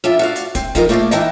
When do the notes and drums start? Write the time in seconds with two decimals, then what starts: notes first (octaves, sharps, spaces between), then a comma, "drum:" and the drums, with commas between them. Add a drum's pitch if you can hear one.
0.04 F2 D4 F4 E5
0.19 F#4 D5 F5
0.36 drum: hi-hat
0.55 C4, drum: kick, hi-hat
0.75 F3 D#4 F4 A4 A#4 D#5, drum: kick, hi-hat
0.89 A3 A#3 D4 F4 G#4 D5
1.11 E2 E3 D#4 E4 G5 A5, drum: hi-hat